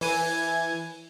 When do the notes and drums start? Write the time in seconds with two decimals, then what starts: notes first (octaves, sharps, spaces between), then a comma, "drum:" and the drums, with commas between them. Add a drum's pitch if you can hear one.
0.01 E3 G#5, drum: open hi-hat